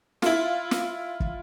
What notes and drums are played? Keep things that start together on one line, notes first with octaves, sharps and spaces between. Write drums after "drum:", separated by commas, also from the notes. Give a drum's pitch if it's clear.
E4 F4, drum: snare
drum: snare
drum: kick